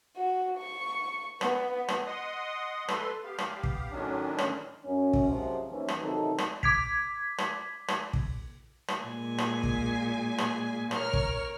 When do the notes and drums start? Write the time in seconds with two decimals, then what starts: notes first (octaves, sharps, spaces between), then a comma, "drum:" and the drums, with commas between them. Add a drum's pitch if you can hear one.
0.16 F#4
0.58 C#6
1.41 B3, drum: rim click
1.88 drum: rim click
2.07 D#5 F#5 C6 D#6
2.88 A4 B4 C6, drum: rim click
3.24 B3 G4 F5
3.38 drum: rim click
3.63 drum: kick
3.91 A2 D#3 F#3 C#4 D4
4.38 drum: rim click
4.85 F#2 C#4
5.13 drum: kick
5.29 F#2 C3 F3 G#3
5.69 D#2 E3 F3 C#4
5.88 drum: rim click
6.01 C3 D#3 E3 F#3 D#4 A4
6.38 drum: rim click
6.63 D6 G#6 B6, drum: kick
7.38 drum: rim click
7.88 drum: rim click
8.13 drum: kick
8.88 drum: rim click
9.02 A#2 G#3 G#5
9.38 drum: rim click
9.63 drum: kick
10.38 drum: rim click
10.91 A#4 C#5 F6, drum: rim click
11.13 drum: kick